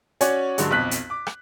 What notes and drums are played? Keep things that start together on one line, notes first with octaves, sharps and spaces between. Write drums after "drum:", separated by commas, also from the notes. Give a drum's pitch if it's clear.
C#4 F#4 C#5 D5 G#5, drum: hi-hat
G2 D3 F#3 G#3, drum: hi-hat
B1 F2 F#6 B6
drum: hi-hat
D6
drum: rim click